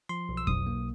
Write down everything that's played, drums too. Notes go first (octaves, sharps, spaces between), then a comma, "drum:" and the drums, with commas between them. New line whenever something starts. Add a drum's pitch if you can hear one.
F3 C6
B1
E6
B1 D#6, drum: kick F2
A#3